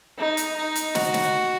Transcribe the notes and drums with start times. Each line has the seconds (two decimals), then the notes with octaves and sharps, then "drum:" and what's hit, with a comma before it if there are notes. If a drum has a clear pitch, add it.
0.18 D#4
0.37 drum: hi-hat
0.56 D#4
0.76 drum: hi-hat
0.95 F#4, drum: snare
1.14 drum: snare